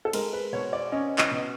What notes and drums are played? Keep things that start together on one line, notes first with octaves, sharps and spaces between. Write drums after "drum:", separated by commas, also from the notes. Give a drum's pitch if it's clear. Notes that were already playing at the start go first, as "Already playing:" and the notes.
A4
G#3 A#4, drum: cymbal
B4
B2 C#5
D5
C#4 D#5
D#5, drum: clap
B2